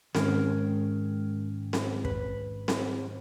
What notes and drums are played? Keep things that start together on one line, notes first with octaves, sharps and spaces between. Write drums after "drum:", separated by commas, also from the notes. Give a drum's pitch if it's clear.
G#2 D#3 G#3 C#4 A#4, drum: snare C4
drum: snare C4
B4, drum: kick
drum: snare C4